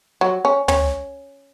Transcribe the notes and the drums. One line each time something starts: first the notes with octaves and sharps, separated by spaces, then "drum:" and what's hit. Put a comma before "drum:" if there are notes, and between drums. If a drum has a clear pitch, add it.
F#3
C#4
C#4, drum: tom